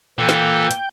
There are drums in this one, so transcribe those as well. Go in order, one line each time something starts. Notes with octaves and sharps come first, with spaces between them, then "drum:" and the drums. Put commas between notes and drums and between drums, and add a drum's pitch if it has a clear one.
A#2 E3 A4 G5
drum: snare
drum: hi-hat